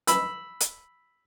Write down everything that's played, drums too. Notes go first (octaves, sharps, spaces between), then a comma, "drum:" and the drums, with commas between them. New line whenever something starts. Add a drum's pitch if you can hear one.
B5 E6, drum: hi-hat
drum: hi-hat